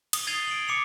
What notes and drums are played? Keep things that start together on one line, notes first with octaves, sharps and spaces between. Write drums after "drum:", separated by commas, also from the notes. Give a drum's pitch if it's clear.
D#6, drum: cymbal
G#6 A6 C7 D#7 F7 G7
D7 F#7
D6 C#7 F7